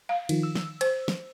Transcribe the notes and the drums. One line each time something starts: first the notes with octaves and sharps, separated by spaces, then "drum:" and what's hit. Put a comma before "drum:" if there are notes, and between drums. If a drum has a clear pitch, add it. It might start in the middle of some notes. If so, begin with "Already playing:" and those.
F5
D#3 F3, drum: cymbal
E6
drum: snare
C5, drum: cymbal
drum: snare